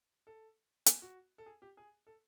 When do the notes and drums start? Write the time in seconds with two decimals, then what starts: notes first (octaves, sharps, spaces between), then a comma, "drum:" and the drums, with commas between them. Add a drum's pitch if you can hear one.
0.27 A4
0.86 G#4, drum: hi-hat
1.02 F#4
1.38 A4
1.46 G#4
1.62 G4
1.77 G#4
2.07 A4